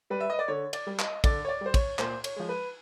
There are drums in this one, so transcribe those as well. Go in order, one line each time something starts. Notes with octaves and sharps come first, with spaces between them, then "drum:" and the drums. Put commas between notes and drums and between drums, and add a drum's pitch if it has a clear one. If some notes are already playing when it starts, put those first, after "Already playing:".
G3 B4
E5
D#5
D5
D3 C#5
D5, drum: cymbal
G3
D#5, drum: clap
D3 D5, drum: kick, cymbal
C#5
D5
G3 C5
C#5, drum: kick, cymbal
A#2 C5, drum: clap
C#5, drum: cymbal
F3 G#3
B4